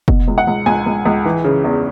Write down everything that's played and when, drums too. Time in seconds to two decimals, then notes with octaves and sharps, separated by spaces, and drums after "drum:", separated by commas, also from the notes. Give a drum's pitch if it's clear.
0.08 B2, drum: kick
0.28 C#2
0.38 F#5
0.47 C#2
0.66 C#2 G#5
0.86 C#2
1.06 C#2
1.25 E3
1.44 C#3
1.64 E2